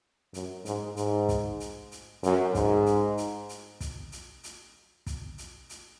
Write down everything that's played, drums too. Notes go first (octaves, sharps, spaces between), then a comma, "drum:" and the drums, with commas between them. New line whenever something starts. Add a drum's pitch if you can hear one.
F#2, drum: hi-hat
G#2, drum: hi-hat
G#2, drum: hi-hat
drum: kick, hi-hat
drum: hi-hat
drum: hi-hat
F#2, drum: hi-hat
G#2, drum: kick, hi-hat
drum: hi-hat
drum: hi-hat
drum: hi-hat
drum: kick, hi-hat
drum: hi-hat
drum: hi-hat
drum: kick, hi-hat
drum: hi-hat
drum: hi-hat